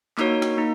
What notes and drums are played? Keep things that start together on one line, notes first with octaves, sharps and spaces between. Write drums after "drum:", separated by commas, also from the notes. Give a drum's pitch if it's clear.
A#3 D#4 F#4 C#5, drum: clap
drum: snare
A#3 D#4